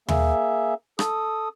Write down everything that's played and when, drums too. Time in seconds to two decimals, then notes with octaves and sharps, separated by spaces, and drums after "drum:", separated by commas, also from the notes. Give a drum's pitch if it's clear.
0.08 A#3 G#4 E5, drum: tom D#2
0.99 A4 D#6, drum: rim click